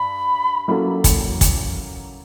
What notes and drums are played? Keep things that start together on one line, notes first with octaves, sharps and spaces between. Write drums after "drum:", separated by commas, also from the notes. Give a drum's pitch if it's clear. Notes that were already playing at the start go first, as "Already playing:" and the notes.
Already playing: G2 B5
F#3 A#3 C#4 E4 A4
drum: kick, hi-hat
drum: kick, hi-hat